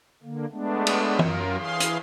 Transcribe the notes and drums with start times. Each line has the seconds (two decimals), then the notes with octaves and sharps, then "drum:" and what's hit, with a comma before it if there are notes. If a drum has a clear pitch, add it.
0.23 D3 A#3
0.52 G#3 A3 B3 D4
0.87 drum: cymbal
1.19 F#2 F4 A#4, drum: tom E3
1.58 E3 G#4 F5 C6
1.80 drum: hi-hat